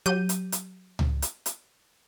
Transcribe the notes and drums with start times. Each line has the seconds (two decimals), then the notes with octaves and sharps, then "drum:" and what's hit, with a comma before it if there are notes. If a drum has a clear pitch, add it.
0.06 F#3 G4 G6 D#7
0.29 drum: hi-hat
0.52 drum: hi-hat
0.99 drum: tom C#2
1.22 drum: hi-hat
1.46 drum: hi-hat